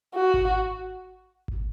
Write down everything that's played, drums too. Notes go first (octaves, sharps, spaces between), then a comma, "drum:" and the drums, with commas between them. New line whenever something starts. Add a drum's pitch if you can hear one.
F#4
drum: kick G#1
drum: kick G#1